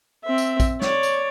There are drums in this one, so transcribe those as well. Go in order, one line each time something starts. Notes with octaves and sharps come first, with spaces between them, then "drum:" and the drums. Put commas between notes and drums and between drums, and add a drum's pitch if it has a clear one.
C4 E5
drum: tambourine
drum: kick A#1, tambourine
C#5 D5, drum: snare
drum: tambourine